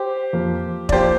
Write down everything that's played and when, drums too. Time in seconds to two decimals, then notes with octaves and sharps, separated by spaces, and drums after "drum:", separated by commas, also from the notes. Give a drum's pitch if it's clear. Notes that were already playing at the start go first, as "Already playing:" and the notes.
Already playing: G4 C5
0.33 F2 F3 A#3
0.89 D5, drum: kick E1
0.92 F3 A#3 G4 C5